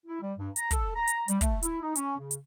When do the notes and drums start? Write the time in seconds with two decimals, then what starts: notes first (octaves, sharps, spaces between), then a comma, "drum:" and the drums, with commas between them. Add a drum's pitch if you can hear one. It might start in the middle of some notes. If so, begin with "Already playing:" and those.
0.06 E4
0.21 G3
0.37 G2
0.56 A#5, drum: hi-hat
0.71 A4, drum: kick, hi-hat
0.95 A#5
1.07 drum: hi-hat
1.28 G3, drum: hi-hat
1.41 A3, drum: kick, hi-hat
1.63 E4, drum: hi-hat
1.81 D#4
1.95 C#4, drum: hi-hat
2.18 C#3
2.31 drum: hi-hat